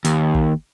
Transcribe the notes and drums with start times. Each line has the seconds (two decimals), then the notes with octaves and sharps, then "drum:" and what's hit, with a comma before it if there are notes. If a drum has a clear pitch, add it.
0.05 D#2, drum: hi-hat
0.34 drum: kick